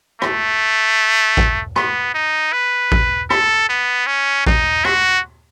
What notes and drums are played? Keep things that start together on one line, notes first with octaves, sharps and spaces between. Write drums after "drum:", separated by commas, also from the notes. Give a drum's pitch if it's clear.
A3, drum: rim click
drum: kick A1
B3, drum: rim click
D#4
B4
drum: kick A1
A4, drum: rim click
B3
C#4
D#4, drum: kick A1
F#4, drum: rim click